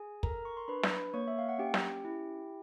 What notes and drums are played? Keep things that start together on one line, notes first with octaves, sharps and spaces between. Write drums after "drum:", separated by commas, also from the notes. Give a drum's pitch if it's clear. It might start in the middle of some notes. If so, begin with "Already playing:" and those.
Already playing: G#4 G#5
A4 A#4 A#5, drum: kick
C#6
C6
D4 B4 B5
drum: snare
A#3 C#5 C#6
E5
F5
F#5
C#4 G4 G5
drum: snare
E4